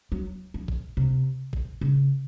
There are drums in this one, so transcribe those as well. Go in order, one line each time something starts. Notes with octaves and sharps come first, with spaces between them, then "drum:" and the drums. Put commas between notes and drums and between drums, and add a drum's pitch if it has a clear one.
F#3
F3
drum: kick G#1
C3
drum: kick G#1
C#3